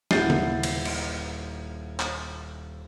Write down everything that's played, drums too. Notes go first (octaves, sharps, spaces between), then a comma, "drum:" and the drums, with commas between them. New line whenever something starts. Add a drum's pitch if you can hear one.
D#1 E4 F#5 G6 A6 C7, drum: snare
drum: tom C#3
drum: cymbal
drum: cymbal
drum: clap